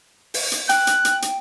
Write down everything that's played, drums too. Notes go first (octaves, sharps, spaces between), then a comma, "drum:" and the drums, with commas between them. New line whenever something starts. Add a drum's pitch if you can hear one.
drum: open hi-hat
drum: hi-hat
G5 F#6, drum: hi-hat
drum: hi-hat
drum: hi-hat
drum: hi-hat